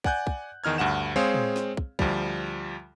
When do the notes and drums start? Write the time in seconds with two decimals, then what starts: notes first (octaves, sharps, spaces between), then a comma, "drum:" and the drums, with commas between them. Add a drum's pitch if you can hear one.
0.04 D5 F#5 G#5 F#6 G6, drum: kick
0.27 drum: kick
0.64 E2 D#3 D#4 F6 G#6
0.78 D2 G2 F#5 E7
1.16 G#3 C4 G#4 C5 C#5 F5
1.34 drum: tom
1.56 drum: snare
1.77 drum: kick
1.99 D2 F3 G3, drum: kick